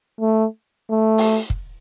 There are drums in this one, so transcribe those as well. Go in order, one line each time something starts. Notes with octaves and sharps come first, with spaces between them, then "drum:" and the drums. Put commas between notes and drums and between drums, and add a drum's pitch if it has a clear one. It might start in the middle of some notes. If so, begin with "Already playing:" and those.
A3
A3
drum: open hi-hat
drum: kick